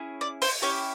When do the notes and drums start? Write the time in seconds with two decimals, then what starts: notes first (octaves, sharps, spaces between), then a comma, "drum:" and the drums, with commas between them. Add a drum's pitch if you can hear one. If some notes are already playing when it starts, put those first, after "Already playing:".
Already playing: C#4 E4 G#4
0.21 D5
0.42 C5, drum: open hi-hat
0.62 C#4 E4 G4 C#5